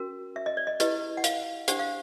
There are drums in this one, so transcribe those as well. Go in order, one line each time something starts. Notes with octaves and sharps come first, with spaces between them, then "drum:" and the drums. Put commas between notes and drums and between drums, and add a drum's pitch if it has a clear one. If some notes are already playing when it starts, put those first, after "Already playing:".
Already playing: C#4 F#4 A#4
E5
D#5
D5
D#5
E4 G4 B4 D#5, drum: hi-hat
F#5
F5, drum: hi-hat
D4 G4 C5 F#5, drum: hi-hat
F5